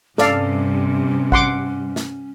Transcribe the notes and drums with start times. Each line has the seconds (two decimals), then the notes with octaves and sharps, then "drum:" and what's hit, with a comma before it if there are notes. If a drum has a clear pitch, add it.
0.18 G2 C3 C#4 A4 D5 F5, drum: snare
1.32 F#5 C6 D6, drum: kick A1
1.96 drum: snare